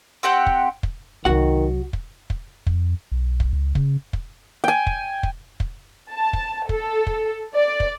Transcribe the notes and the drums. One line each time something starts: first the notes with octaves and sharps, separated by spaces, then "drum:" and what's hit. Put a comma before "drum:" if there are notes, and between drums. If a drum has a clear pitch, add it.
C4 G4 F#5 G5
drum: kick
drum: kick
C2 D#3 F#3 F#4 F#5
drum: kick
drum: kick
F2, drum: kick
B1
drum: kick
C#2
C#3, drum: kick
drum: kick
G5 G#5
drum: kick
drum: kick
drum: kick
A5
drum: kick
A4, drum: kick
drum: kick
D5
drum: kick